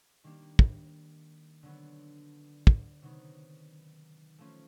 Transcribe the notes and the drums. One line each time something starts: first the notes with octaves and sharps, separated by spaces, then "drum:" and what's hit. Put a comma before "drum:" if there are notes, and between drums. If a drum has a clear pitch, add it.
D#3 G3 A#3 D4 G4
drum: kick
D3 F#3 B3
drum: kick
C3 D#3 F#3 B3 D#4
F3 A3 C#4 F4